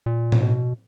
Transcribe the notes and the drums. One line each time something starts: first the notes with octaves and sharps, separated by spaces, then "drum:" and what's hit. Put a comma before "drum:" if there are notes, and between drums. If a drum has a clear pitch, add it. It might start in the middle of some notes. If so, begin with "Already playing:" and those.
A#2
drum: tom A2
B2